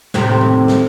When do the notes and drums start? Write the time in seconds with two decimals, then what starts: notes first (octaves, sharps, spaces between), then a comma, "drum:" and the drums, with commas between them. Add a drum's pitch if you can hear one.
0.14 D#2 A2 C3, drum: snare
0.41 drum: tom D#3
0.68 drum: snare